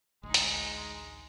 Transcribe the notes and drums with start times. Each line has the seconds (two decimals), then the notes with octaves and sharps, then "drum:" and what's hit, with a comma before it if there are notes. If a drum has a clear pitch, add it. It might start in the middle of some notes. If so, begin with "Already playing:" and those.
0.23 A1 D2 G#3 D#4 G#4
0.34 drum: hi-hat